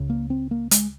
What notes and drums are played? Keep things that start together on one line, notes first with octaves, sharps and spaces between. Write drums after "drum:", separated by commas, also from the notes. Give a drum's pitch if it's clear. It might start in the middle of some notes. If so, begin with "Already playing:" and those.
Already playing: C#2 C#3
A#3
C4
A#3
G#3, drum: hi-hat